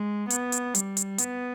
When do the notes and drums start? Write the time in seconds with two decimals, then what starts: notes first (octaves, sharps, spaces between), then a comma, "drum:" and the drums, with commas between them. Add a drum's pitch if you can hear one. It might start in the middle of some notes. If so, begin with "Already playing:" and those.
Already playing: G#3
0.30 B3, drum: hi-hat
0.52 drum: hi-hat
0.75 G3, drum: hi-hat
0.97 drum: hi-hat
1.18 B3, drum: hi-hat